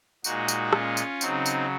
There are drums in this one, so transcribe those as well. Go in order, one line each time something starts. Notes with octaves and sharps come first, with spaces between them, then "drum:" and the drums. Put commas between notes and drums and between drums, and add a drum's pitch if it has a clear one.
A#2 G#3 D#4 F#4, drum: tambourine
drum: tambourine
C#4 F4, drum: rim click
drum: tambourine
C#3 F#3 C4 D#4, drum: tambourine
drum: tambourine